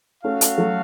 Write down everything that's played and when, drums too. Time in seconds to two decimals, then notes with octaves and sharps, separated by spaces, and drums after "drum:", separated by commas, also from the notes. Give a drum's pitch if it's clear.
0.24 A3 C#4 F#4 A4 F5
0.41 drum: hi-hat
0.58 F#3 A3